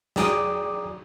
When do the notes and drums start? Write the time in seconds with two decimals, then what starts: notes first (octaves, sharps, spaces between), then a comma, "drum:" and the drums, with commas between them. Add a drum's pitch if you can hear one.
0.16 G#4 D5 G5 A#5 D6 D#6, drum: snare